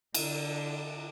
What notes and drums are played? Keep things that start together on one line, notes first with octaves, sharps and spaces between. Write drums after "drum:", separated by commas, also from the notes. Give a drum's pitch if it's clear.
D3, drum: cymbal